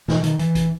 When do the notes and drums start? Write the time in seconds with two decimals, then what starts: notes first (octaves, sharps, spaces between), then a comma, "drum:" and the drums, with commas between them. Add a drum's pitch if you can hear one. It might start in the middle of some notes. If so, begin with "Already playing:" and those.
0.08 B2 E3, drum: snare
0.23 D#3, drum: hi-hat
0.39 E3, drum: hi-hat
0.55 drum: kick G#1, hi-hat